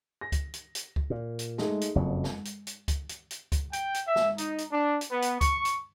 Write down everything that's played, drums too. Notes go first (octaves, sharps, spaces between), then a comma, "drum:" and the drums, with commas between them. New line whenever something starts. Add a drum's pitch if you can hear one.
A#6
drum: kick, hi-hat
drum: hi-hat
drum: hi-hat
drum: kick
A#2
drum: hi-hat
G#3 A3 D#4, drum: snare
drum: hi-hat
F#1 F2 F#3
drum: snare
drum: hi-hat
drum: hi-hat
drum: kick, hi-hat
drum: hi-hat
drum: hi-hat
drum: kick, hi-hat
G5, drum: hi-hat
drum: hi-hat
E5
drum: snare
D#4, drum: hi-hat
drum: hi-hat
D4
drum: hi-hat
B3
drum: hi-hat
C#6, drum: kick, hi-hat
drum: hi-hat